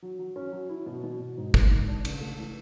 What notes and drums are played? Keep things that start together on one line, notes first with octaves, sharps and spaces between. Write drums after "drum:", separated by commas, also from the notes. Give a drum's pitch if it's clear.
F#3
F#3
C#4
F#3
E4
B2
B2
B2
G#2
G#2, drum: kick G1
G#2
D4
C#3, drum: cymbal
A3
E3